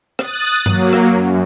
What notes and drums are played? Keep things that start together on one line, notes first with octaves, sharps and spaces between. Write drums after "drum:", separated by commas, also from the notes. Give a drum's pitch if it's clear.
D#6 F#6 A6, drum: rim click
F#3 A#3, drum: tom G2
drum: rim click
F#2